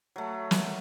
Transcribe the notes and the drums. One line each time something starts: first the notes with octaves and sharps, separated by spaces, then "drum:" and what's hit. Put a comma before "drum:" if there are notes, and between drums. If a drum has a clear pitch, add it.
F#3 A3
drum: snare